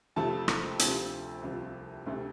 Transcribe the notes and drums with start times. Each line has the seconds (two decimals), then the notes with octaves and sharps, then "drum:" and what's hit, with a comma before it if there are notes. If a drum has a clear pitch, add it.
0.16 F2 C3 F3 A3 A5
0.48 drum: rim click
0.79 D2 C3 F3 A3, drum: hi-hat
1.42 C2 C3 F3
2.06 D2 C3 A3